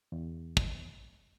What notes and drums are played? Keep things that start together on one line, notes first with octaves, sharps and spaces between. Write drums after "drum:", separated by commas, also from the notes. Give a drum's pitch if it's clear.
E2
drum: kick